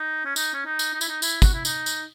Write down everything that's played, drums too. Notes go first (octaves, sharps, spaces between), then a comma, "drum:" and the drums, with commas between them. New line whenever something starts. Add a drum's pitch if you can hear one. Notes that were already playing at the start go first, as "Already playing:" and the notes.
Already playing: D#4
C#4
D#4, drum: tambourine
C#4
D#4
drum: tambourine
D#4
E4, drum: tambourine
D#4
E4, drum: tambourine
F#4, drum: kick, tambourine
E4
D#4, drum: tambourine
drum: tambourine